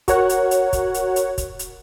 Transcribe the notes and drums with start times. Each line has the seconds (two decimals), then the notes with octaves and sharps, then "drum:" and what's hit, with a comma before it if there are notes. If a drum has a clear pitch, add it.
0.08 F#4 A#4 C#5 F#5, drum: kick, hi-hat
0.29 drum: hi-hat
0.51 drum: hi-hat
0.73 drum: kick, hi-hat
0.94 drum: hi-hat
1.16 drum: hi-hat
1.38 drum: kick, hi-hat
1.59 drum: hi-hat